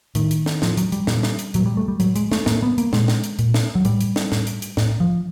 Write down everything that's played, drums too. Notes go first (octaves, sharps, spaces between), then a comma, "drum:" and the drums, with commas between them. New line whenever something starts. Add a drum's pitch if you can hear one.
A2 D#3, drum: hi-hat
drum: hi-hat
drum: snare
A2 F3, drum: snare
F#3, drum: hi-hat
G3, drum: hi-hat
A#2 G3, drum: snare
drum: snare
drum: hi-hat
A#2 F#3, drum: hi-hat
G3
A3
G3
A2 F#3, drum: hi-hat
G#3, drum: hi-hat
A3, drum: snare
A2 A#3, drum: snare
B3
A#3, drum: hi-hat
A#2 G#3, drum: snare
drum: snare
drum: hi-hat
A#2, drum: hi-hat
drum: snare
F#3
A2 G3, drum: hi-hat
drum: hi-hat
drum: snare
A2, drum: snare
drum: hi-hat
drum: hi-hat
A2, drum: snare
F3